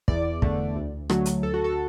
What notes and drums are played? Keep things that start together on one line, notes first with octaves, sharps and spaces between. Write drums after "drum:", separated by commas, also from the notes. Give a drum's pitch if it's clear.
E2 D5, drum: kick
D3 A3, drum: kick
D2
D3 F#3 A3, drum: rim click
drum: hi-hat
D2 A4
F#4
A4